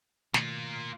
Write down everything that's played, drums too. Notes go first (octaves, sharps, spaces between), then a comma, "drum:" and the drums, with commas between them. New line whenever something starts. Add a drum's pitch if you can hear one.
B2 D#3 A3 A#3 F4, drum: snare